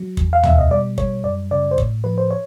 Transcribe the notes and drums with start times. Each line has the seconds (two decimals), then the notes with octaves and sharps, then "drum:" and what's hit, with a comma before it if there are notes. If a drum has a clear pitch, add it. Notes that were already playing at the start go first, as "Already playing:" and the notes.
Already playing: F#3
0.17 E2, drum: kick
0.33 F5
0.43 B2 E5, drum: tom
0.58 D#5
0.71 G3 D5
0.98 G3 C#5, drum: kick
1.24 F#2 D5
1.51 C#3 D5
1.71 C5
1.78 A2 C#5, drum: kick
2.04 F3 B4
2.18 C5
2.31 C#5